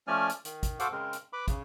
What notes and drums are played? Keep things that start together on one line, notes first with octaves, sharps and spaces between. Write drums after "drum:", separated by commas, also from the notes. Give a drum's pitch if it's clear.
F3 A3 C#4 D5 G#5 F6
drum: hi-hat
D#3, drum: hi-hat
drum: kick, hi-hat
F#4 A4 C5 F5 F#5 D6, drum: hi-hat
C#3 G#3 C4 A#4
drum: hi-hat
B4 B5 D6
C#3, drum: kick, hi-hat